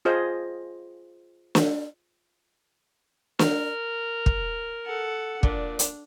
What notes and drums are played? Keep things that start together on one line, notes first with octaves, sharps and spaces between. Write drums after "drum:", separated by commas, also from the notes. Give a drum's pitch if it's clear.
F4 G#4 C5 D#5
drum: snare
A#4, drum: snare
drum: kick
A4 F#5
A#2 D4, drum: kick
drum: hi-hat